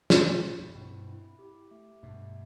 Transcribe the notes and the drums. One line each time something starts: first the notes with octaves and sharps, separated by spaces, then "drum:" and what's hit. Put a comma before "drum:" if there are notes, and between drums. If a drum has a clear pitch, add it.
B2 D3 C5, drum: snare
B2 D3
A2 C3 E4
F#2 A2
G2 B2 C4
E4
G4
A3
G2 B2 A3